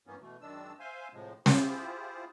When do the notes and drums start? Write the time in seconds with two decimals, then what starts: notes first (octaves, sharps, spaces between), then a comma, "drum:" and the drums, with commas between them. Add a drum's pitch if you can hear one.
0.07 G2 E3 A#3 B3 C#4
0.20 B2 E3 A3
0.41 F#2 D#3 G#3 D4 E6
0.80 C5 E5 F5 G#5 C6
1.13 A2 C3 F3 G#3
1.46 E4 F4 G4 G#4 C5, drum: snare